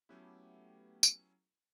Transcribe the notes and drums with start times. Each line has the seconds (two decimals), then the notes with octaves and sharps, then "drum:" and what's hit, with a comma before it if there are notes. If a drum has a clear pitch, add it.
0.09 F#3 A3 B3 C#4 E4 G4
1.03 drum: tambourine